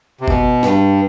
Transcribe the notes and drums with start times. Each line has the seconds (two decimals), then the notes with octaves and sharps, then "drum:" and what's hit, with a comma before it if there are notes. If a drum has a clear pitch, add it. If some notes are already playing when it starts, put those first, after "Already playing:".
0.21 C3
0.28 B2, drum: kick G1
0.63 G2, drum: snare